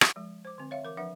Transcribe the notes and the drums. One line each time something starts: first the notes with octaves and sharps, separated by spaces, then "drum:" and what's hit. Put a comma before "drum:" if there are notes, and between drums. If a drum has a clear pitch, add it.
drum: rim click
F3 G#3
C5 D6
D3 C4
C#5 E5 F5
E3 A#4 D6
F3 D4 B4 E5 F#5